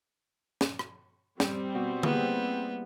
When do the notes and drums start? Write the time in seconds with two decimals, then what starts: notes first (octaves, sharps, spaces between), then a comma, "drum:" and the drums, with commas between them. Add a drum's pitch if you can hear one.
0.61 drum: snare
0.79 drum: rim click
1.40 G3 C4 G5, drum: snare
1.75 B2
2.03 A#3 B3 E4 G#4, drum: tom D3